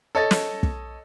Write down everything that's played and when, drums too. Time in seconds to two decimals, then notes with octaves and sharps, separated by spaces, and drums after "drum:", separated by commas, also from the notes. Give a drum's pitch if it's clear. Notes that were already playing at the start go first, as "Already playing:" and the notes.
0.15 A4 C#5 D#5 A6
0.31 drum: snare
0.63 drum: kick